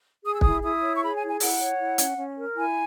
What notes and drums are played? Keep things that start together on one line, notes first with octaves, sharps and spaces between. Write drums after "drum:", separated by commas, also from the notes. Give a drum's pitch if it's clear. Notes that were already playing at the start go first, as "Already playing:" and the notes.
G#4 D#6
E6
E4 D#6, drum: kick
E4 D#6
C#5
C#6
G#4 B5
G#5
E4
G#5
E4 F#5, drum: open hi-hat
C#5
E4
C#4, drum: hi-hat
C#4
A#4
E4 G#5